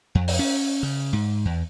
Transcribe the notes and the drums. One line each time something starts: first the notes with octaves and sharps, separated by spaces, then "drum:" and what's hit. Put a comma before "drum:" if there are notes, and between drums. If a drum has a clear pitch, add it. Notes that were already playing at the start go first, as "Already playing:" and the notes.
F2
drum: open hi-hat
C#4
C#3
G#2
E2